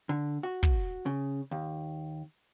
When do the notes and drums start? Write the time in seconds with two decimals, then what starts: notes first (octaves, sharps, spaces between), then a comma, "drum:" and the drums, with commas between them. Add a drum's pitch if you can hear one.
0.09 D3
0.43 F#4
0.63 drum: kick
1.06 C#3
1.51 D#2